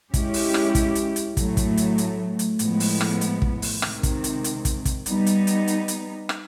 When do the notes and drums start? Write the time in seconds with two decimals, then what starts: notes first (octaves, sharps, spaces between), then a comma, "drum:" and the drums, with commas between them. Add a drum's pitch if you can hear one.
0.14 G#3 C#4 E4 G4, drum: kick, hi-hat
0.34 drum: open hi-hat
0.54 drum: rim click
0.75 drum: kick, hi-hat
0.95 drum: hi-hat
1.16 drum: hi-hat
1.37 A2 F#3 A3, drum: kick, hi-hat
1.57 drum: kick, hi-hat
1.77 drum: hi-hat
1.98 drum: hi-hat
2.39 drum: hi-hat
2.59 A2 F3 G#3 B3, drum: hi-hat
2.80 drum: open hi-hat
3.01 drum: rim click
3.21 drum: hi-hat
3.42 drum: kick
3.62 drum: open hi-hat
3.82 C3 D#3 G#3 C4, drum: rim click
4.03 drum: kick, hi-hat
4.24 drum: hi-hat
4.44 drum: hi-hat
4.65 drum: kick, hi-hat
4.85 drum: kick, hi-hat
5.06 G3 B3 D#4, drum: hi-hat
5.26 drum: hi-hat
5.47 drum: hi-hat
5.68 drum: hi-hat
5.88 drum: hi-hat
6.29 drum: rim click